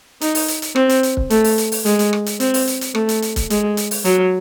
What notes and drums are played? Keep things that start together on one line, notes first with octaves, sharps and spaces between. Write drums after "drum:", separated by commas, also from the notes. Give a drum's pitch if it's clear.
D#4, drum: hi-hat
drum: open hi-hat
drum: hi-hat
drum: hi-hat
C4, drum: rim click
drum: hi-hat
drum: hi-hat
drum: kick
A3, drum: hi-hat
drum: open hi-hat
drum: hi-hat
drum: open hi-hat
G#3, drum: hi-hat
drum: hi-hat
drum: rim click
drum: hi-hat
C4, drum: hi-hat
drum: open hi-hat
drum: hi-hat
drum: hi-hat
A3, drum: rim click
drum: hi-hat
drum: hi-hat
drum: kick, hi-hat
G#3, drum: hi-hat
drum: hi-hat
drum: open hi-hat
F#3, drum: hi-hat